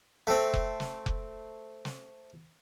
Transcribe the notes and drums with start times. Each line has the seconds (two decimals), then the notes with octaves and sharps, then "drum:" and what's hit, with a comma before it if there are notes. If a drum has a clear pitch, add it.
0.27 A3 C4
0.54 drum: kick F1
0.80 drum: snare
1.06 drum: kick F1
1.85 drum: snare